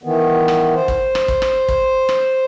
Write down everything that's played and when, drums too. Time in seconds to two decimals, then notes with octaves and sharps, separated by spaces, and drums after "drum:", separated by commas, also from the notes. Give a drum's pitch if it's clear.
0.03 D#3 E3 B3
0.48 drum: rim click
0.75 C5
0.88 drum: kick
1.15 drum: rim click
1.28 drum: kick
1.42 drum: rim click
1.68 drum: kick
2.09 drum: rim click